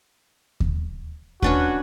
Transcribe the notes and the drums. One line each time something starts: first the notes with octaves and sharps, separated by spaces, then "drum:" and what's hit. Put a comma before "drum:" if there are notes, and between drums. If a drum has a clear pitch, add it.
drum: kick D#2
C#4 D4 F#4 B4, drum: kick D#2